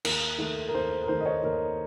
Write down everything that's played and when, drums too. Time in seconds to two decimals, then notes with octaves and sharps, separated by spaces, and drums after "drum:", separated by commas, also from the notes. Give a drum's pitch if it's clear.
0.05 D#2 A#4, drum: cymbal
0.38 D#3 A3
0.68 A#4
0.74 D#2 C5
1.04 A#4
1.08 D#3 A3 C5
1.21 D#5
1.26 C#5
1.43 D#2 A#4